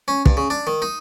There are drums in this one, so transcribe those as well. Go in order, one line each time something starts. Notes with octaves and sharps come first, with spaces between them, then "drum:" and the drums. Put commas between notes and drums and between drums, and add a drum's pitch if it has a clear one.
C#4
G2, drum: kick
C#3
D4
D#3
D#4